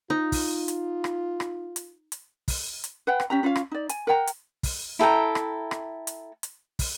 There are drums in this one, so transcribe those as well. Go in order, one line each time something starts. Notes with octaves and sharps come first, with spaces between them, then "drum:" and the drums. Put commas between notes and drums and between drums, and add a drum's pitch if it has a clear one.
D#4 F4
drum: kick, open hi-hat
drum: hi-hat
drum: rim click
drum: rim click
drum: hi-hat
drum: hi-hat
drum: kick, open hi-hat
drum: hi-hat
B4 F#5 G5
drum: rim click
C#4 G4 A#5
C#4 F4 C#5 F5
drum: rim click
D#4 D5
G#5, drum: hi-hat
A#4 F#5 G5 A#5
drum: hi-hat
drum: kick, open hi-hat
E4 A4 G5 A#5
drum: rim click
drum: rim click
drum: hi-hat
drum: hi-hat
drum: kick, open hi-hat